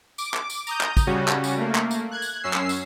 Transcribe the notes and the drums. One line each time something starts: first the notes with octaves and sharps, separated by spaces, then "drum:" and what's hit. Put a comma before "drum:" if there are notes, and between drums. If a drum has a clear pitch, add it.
D6, drum: tambourine
drum: clap
drum: tambourine
A#5 D#6 G6, drum: tambourine
drum: clap
drum: kick, tambourine
C#3 G3 C#4 F#4
drum: clap
drum: tambourine
A3 A#3
drum: clap
drum: tambourine
F#6 G#6
drum: tambourine
F#2 C#4 E6 C7
drum: clap
drum: tambourine